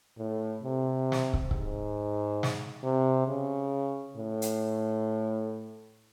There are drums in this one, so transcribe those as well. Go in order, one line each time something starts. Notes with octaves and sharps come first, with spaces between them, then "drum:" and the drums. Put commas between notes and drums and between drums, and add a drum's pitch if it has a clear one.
A2
C3
drum: snare
drum: kick
G#2, drum: kick
drum: snare
C3
C#3
A2
drum: hi-hat